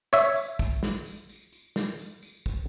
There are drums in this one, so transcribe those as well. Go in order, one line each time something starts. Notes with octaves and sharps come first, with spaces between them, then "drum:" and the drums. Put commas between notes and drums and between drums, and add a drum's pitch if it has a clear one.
C#5 E5, drum: tambourine
drum: tambourine
drum: kick, tambourine
drum: snare
drum: tambourine
drum: tambourine
drum: tambourine
drum: snare
drum: tambourine
drum: tambourine
drum: kick, tambourine